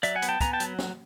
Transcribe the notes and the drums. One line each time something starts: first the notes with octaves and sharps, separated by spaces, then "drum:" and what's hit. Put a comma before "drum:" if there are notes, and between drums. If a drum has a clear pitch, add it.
F#3 D5 E5, drum: hi-hat
F#5 G#5
B3, drum: hi-hat
G5 A5
B3 G#5 A#5, drum: kick, hi-hat
G5 A5
F#3, drum: hi-hat
drum: snare